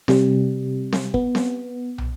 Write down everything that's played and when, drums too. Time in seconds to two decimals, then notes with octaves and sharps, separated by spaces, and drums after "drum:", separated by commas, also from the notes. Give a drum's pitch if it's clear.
0.08 C3 G3, drum: snare C4
0.93 drum: snare C4
1.14 B3, drum: kick
1.35 drum: snare C4
1.98 drum: tom